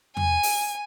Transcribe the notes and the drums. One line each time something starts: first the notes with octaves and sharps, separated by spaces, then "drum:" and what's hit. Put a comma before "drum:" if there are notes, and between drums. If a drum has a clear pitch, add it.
G#5, drum: tom E2
drum: open hi-hat